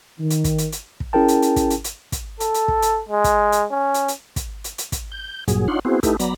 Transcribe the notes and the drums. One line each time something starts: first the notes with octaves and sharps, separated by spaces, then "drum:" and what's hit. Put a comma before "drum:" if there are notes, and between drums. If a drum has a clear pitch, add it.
D#3
drum: hi-hat
drum: kick, hi-hat
drum: hi-hat
drum: hi-hat
drum: kick
C#4 E4 G#4 A#4 G5 A5
drum: hi-hat
drum: hi-hat
drum: kick, hi-hat
drum: hi-hat
drum: hi-hat
drum: kick, hi-hat
A4, drum: hi-hat
drum: hi-hat
drum: kick
drum: hi-hat
G#3
drum: kick, hi-hat
drum: hi-hat
C#4
drum: hi-hat
drum: hi-hat
drum: kick, hi-hat
drum: hi-hat
drum: hi-hat
drum: kick, hi-hat
G6
G2 A#2 F#3 G#4, drum: kick, hi-hat
D4 D#4 F4 C#5 F#5 C6
B3 C4 E4 F#4 G#4 C5
A3 D#4 E4 G4 A4 B4, drum: kick, hi-hat
F#3 B3 D5 A#5 B5, drum: hi-hat